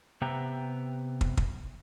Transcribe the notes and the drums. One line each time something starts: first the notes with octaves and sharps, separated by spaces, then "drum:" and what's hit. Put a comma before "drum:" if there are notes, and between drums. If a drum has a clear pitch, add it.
C3 B3 G4 E5 G5 A#5
drum: kick
drum: kick